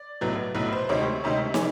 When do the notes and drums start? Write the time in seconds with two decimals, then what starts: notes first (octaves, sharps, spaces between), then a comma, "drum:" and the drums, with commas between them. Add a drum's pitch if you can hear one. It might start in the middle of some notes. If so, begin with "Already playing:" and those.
Already playing: D5
0.21 B1 A2 F#3 B3
0.55 B1 A2 F#3 B3 B4
0.72 C5
0.89 D2 C3 D#3 G#3 C#5
1.24 D2 C3 D#3 G#3
1.54 G#4, drum: snare